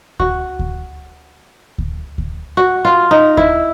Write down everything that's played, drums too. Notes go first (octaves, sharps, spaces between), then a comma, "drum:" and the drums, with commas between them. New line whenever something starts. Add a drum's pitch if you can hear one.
F#4, drum: kick D2
drum: kick D2
drum: kick D2
drum: kick D2
F#4
F4
D#4
E4, drum: kick D2